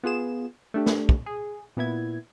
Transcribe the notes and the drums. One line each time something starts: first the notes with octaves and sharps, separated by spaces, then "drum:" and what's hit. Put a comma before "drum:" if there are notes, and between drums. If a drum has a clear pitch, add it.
B3 F4 G#4 E7
A3 D4 G4
drum: snare
drum: kick
G#4
A#2 B3 E4 G#6